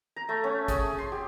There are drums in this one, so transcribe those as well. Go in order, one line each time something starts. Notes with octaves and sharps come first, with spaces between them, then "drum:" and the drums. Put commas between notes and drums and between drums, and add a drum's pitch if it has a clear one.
A#5
A3
C#4
G#4, drum: kick G#1, hi-hat
C6
G4